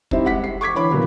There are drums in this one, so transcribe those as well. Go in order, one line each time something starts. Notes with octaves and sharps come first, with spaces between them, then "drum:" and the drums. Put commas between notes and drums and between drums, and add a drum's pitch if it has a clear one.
G3 C4 D#4 E4 C5 E5, drum: kick
G#3 G4 F#5 B6
C7
C#6 D6 G#6 B6
D3 E3 C#5 B5 D6
A#2 C#3 E3 F#3 A#3 B3